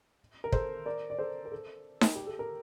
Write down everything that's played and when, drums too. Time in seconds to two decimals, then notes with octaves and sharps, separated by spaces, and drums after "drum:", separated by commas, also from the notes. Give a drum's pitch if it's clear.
0.44 A#4
0.52 A4 C5, drum: kick
0.86 A#4 D5
1.10 D5
1.19 A4 C5
1.45 A#4
1.52 A4
2.01 drum: snare D#4
2.15 G4
2.27 A4
2.39 A#4